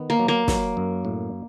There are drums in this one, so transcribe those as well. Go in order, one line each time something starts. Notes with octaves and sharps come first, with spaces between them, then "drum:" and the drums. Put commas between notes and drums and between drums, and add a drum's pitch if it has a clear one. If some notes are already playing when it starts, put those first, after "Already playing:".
Already playing: D#3 B3
A#3
F#3
A#3
F#3, drum: snare
F#2
A2